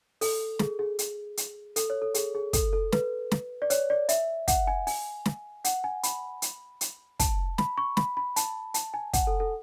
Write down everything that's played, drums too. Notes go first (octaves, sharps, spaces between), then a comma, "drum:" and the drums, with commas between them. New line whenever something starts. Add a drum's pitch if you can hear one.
A4, drum: open hi-hat
G#4, drum: snare
G#4
drum: hi-hat
drum: hi-hat
A4, drum: hi-hat
C#5
A4
G#4, drum: hi-hat
G#4
A4, drum: kick, hi-hat
A4
B4, drum: snare
drum: snare
D5
C#5, drum: hi-hat
D5
E5, drum: hi-hat
F#5, drum: kick, hi-hat
G#5
G#5, drum: open hi-hat
drum: snare
F#5, drum: hi-hat
G#5
B5, drum: hi-hat
drum: hi-hat
drum: hi-hat
A5, drum: kick, hi-hat
B5, drum: snare
C#6
B5, drum: snare
B5
A5, drum: hi-hat
A5, drum: hi-hat
G#5
F#5, drum: kick, hi-hat
A4
A4